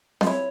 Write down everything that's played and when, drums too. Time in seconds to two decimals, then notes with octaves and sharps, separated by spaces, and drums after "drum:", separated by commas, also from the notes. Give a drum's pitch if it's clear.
0.21 F4, drum: snare C4
0.26 E4 C#5